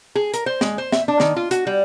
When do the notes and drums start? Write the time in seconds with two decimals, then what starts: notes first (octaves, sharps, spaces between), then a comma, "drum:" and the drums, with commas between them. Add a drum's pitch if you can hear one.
0.15 G#4
0.34 A#4, drum: hi-hat
0.46 C5
0.61 G#3, drum: snare
0.78 C5
0.92 E5, drum: snare
1.08 D4
1.20 D#3, drum: snare
1.36 F4
1.51 F#4, drum: hi-hat
1.67 G3